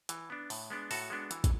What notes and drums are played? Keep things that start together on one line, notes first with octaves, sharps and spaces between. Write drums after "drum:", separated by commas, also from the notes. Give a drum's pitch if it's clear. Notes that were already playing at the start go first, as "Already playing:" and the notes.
E3, drum: hi-hat
B3 D4
A2, drum: open hi-hat
G#3 B3 D4
A2 F#4 A4, drum: open hi-hat
G#3 B3 D4
E3, drum: hi-hat
drum: kick, hi-hat